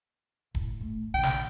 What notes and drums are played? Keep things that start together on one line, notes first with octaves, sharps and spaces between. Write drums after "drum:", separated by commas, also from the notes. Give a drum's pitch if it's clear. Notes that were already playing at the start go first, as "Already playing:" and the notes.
A2, drum: kick D#1
A3
A#1 D3 G5
drum: snare